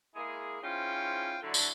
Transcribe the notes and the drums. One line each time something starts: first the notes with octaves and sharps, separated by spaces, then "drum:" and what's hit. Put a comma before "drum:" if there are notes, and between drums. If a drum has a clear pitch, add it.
G#3 A#3 E4 G#4
G#2 C#4 E4 F4 C5 G5
D3 F#3 E4
drum: tambourine